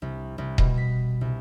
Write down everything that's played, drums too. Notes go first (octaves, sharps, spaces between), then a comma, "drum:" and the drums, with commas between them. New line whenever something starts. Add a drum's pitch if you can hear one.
C2
C2
B2, drum: kick D#1
B6
C2